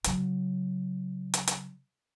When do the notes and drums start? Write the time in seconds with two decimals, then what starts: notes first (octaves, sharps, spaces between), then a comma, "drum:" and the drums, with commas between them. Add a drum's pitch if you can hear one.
0.04 C#3 F#3, drum: hi-hat
1.34 drum: hi-hat
1.48 drum: hi-hat